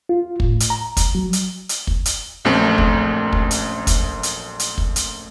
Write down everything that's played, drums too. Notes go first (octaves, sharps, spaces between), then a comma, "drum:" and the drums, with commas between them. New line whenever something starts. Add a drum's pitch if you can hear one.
F4
A2, drum: kick
drum: hi-hat
A#5
drum: kick, hi-hat
F#3
drum: hi-hat
drum: hi-hat
drum: kick
drum: hi-hat
A#1 F#2 A3 C4
drum: kick
drum: kick
drum: hi-hat
drum: kick, hi-hat
drum: hi-hat
drum: hi-hat
drum: kick
drum: hi-hat